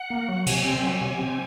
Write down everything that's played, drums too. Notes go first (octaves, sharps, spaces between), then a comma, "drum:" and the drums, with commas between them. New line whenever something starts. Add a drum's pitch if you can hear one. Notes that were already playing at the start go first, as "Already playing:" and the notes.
Already playing: F#5
A#3
F#3
C3 G#5, drum: cymbal
C4
F#3
C3
C4